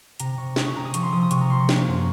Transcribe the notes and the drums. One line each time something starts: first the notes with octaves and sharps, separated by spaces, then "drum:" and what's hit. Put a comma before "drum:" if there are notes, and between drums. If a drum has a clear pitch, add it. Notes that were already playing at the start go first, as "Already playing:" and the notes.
C3 A#5, drum: hi-hat
C3 C#6
G#3 D#6, drum: snare
C#6
C3 A#5
D#6
F3 C#6, drum: hi-hat
C6
F3 D#6
D#6
C3 C#6, drum: hi-hat
A#5
F3 C6
C#6
A#3, drum: snare
F#2